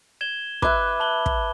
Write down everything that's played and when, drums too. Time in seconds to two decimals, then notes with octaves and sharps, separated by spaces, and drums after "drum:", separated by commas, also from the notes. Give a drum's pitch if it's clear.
0.21 G#6 E7 G7
0.62 B4 E5 D6 F#6 G#6, drum: kick
1.00 A5 B5 G7
1.26 drum: kick